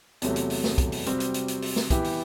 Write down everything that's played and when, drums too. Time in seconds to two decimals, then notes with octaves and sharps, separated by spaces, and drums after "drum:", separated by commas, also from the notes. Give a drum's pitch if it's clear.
0.22 E2 C3 F#3 A3, drum: hi-hat
0.36 drum: hi-hat
0.50 drum: open hi-hat
0.64 drum: snare
0.78 drum: kick, hi-hat
0.92 drum: open hi-hat
1.06 C3 G3 C4 F#4, drum: hi-hat
1.20 drum: hi-hat
1.34 drum: hi-hat
1.48 drum: hi-hat
1.62 drum: open hi-hat
1.76 drum: snare
1.90 E3 B3 E4 G4, drum: kick, hi-hat
2.04 drum: open hi-hat